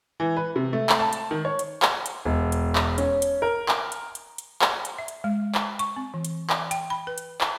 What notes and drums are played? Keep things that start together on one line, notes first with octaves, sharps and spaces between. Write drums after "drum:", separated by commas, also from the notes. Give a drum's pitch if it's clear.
E3
B4
C3
A3
drum: clap
A5
drum: hi-hat
D#3
C#5
drum: hi-hat
drum: clap
drum: hi-hat
E1
drum: hi-hat
drum: clap
C#4, drum: hi-hat
drum: hi-hat
A#4
drum: clap
drum: hi-hat
drum: hi-hat
drum: hi-hat
drum: clap
drum: hi-hat
E5
drum: hi-hat
G#3
drum: clap
C#6, drum: hi-hat
C4
E3
drum: hi-hat
D5, drum: clap
G5, drum: hi-hat
B5
B4
drum: hi-hat
drum: clap